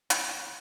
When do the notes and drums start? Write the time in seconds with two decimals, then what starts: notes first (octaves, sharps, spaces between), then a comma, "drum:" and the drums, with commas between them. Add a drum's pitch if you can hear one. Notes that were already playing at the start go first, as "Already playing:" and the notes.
0.10 D#2, drum: hi-hat